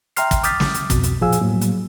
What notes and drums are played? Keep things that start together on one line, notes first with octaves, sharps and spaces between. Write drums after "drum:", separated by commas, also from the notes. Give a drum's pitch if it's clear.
E5 G5 A#5 C6 F6 C7, drum: hi-hat
drum: kick, hi-hat
D6 D#6 F6 G6 A6 B6, drum: hi-hat
drum: snare
drum: hi-hat
C2 F2 B2, drum: kick, hi-hat
drum: hi-hat
A#2 F3 G#4 F5 G#5 E6
drum: hi-hat
A2 F#3 A#3
drum: hi-hat